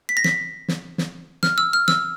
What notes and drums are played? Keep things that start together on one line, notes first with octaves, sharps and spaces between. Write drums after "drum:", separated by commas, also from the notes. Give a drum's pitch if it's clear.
B6
A#6
B6, drum: snare
drum: snare
drum: snare
F6, drum: snare
E6
F6
E6, drum: snare